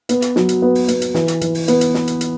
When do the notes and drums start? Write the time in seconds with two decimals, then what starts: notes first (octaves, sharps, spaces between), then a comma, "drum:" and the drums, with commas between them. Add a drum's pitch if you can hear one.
0.09 B3, drum: hi-hat
0.22 drum: hi-hat
0.36 F#3, drum: snare
0.49 drum: hi-hat
0.62 B3
0.75 drum: open hi-hat
0.88 B3, drum: hi-hat
1.02 drum: hi-hat
1.14 E3, drum: snare
1.28 drum: hi-hat
1.41 E3, drum: hi-hat
1.55 drum: open hi-hat
1.68 B3, drum: hi-hat
1.81 drum: hi-hat
1.94 drum: snare
2.08 drum: hi-hat
2.21 drum: hi-hat